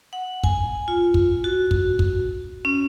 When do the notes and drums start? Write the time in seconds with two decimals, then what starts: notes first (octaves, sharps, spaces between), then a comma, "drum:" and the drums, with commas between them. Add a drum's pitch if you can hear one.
0.13 F#5
0.44 G#5, drum: kick
0.88 F4
1.14 drum: kick
1.44 F#4
1.71 drum: kick
1.99 drum: kick
2.65 C#4